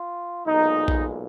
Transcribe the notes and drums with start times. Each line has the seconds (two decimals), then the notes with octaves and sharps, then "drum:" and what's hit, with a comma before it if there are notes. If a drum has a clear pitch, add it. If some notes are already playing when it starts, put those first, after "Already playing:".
Already playing: F4
0.47 B1 A#2 G#3 D#4
0.88 drum: kick A#1